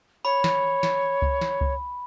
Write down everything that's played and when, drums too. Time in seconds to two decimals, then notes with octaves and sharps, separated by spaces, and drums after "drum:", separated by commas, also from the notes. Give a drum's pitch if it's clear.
0.25 C#5 B5
0.44 drum: snare
0.83 drum: snare
1.22 drum: kick C#2
1.41 drum: snare
1.61 drum: kick C#2